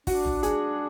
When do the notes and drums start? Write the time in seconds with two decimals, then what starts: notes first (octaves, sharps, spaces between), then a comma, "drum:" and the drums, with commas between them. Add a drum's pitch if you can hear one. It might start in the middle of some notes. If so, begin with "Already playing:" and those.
0.07 D4 F#4, drum: kick, open hi-hat
0.25 drum: tom
0.43 G#4, drum: hi-hat